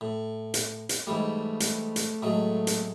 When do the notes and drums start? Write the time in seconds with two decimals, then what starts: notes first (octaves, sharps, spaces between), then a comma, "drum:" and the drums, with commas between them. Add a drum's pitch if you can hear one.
0.01 A2
0.54 drum: hi-hat
0.89 drum: hi-hat
1.07 G#2 E3 G3 A3
1.60 drum: hi-hat
1.96 drum: hi-hat
2.22 A2 F#3 G#3
2.67 drum: hi-hat